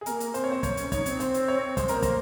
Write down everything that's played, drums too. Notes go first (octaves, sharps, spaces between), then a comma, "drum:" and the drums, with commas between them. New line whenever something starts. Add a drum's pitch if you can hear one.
G#4
A#3 C4 A#4, drum: hi-hat
drum: hi-hat
C4 C5, drum: hi-hat
C#5
C5
A#3 C#5, drum: kick, hi-hat
C#4, drum: hi-hat
D#4 C#5, drum: kick, hi-hat
C4, drum: hi-hat
C5, drum: hi-hat
drum: hi-hat
C#5
G#3 C5, drum: kick, hi-hat
C4 A#4, drum: hi-hat
A#3
C5, drum: kick, hi-hat